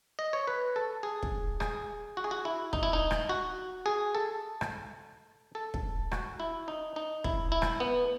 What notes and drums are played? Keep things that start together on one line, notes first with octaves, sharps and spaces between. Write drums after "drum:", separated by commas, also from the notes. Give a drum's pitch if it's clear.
D#5
C#5
B4
A4
G#4
drum: kick
G#4, drum: rim click
F#4
G#4
F#4
E4
D#4, drum: kick
E4
D#4
drum: rim click
F#4
G#4
A4
drum: rim click
A4
drum: kick
F#4, drum: rim click
E4
D#4
D#4
E4, drum: kick
E4
drum: rim click
B3